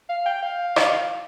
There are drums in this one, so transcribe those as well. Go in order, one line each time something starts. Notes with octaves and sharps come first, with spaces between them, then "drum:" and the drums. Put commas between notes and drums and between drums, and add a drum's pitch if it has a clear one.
F5
G5
F5
drum: rim click